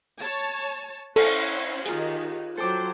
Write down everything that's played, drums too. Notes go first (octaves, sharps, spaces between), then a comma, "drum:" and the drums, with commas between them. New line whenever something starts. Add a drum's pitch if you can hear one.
C#5 A5, drum: tambourine
C#4 E4 A4 C5 F5 G#5 C#6, drum: cymbal
D#3 D#4 F4 G4 G#4, drum: hi-hat
F#3 A4 C5 G5 D6